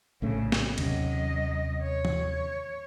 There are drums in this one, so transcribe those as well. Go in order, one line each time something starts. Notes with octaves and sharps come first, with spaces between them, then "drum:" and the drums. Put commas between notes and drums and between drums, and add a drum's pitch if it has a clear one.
A#1 A2 C#3 A3 C#4
drum: snare
D#2 C3 F#3 C#4 D#5, drum: cymbal
C#5
drum: tom